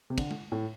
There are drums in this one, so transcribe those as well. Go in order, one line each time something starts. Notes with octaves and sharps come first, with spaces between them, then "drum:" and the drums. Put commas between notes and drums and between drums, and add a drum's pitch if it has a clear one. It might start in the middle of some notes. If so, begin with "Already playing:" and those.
C3
D3, drum: kick, cymbal
drum: tom G#3
A2